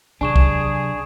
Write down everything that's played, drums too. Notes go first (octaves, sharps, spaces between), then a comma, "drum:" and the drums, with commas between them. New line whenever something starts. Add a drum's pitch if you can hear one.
C3 F#3 D4 G#4 G#5 C#6 E7
drum: kick C2